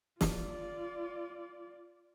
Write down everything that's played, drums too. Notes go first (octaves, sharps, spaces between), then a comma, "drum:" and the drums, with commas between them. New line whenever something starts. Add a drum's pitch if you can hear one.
F4 D5, drum: snare